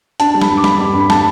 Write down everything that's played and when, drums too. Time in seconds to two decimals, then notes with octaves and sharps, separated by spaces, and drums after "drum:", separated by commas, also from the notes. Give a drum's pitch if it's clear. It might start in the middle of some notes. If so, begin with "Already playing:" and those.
0.20 D4 A5, drum: hi-hat
0.34 G3
0.42 B5, drum: snare
0.49 G2
0.57 D6
0.64 G2 B5, drum: snare
0.79 G3
0.94 G2
1.00 B5
1.10 A5, drum: snare